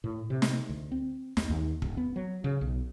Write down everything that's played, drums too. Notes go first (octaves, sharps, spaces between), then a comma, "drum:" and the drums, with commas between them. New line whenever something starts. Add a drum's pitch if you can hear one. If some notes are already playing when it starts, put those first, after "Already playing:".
A2
C3
drum: snare
D2
C4
D#2, drum: snare
D#2
D#1, drum: kick
B3
F#3
C#3
B1